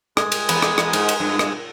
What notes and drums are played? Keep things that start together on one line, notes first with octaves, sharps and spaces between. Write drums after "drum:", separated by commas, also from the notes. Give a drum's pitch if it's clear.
G#3 G#5 D#6, drum: rim click
drum: cymbal
E2 B3 B4, drum: cymbal
drum: rim click
drum: rim click
G#2, drum: cymbal
drum: cymbal
G2
drum: rim click